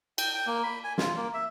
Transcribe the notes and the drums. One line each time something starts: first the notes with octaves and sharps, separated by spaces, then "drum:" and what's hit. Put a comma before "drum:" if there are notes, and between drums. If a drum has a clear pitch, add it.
G5, drum: cymbal
G5
A#3
B5
G#5
F4, drum: snare
A#3
E5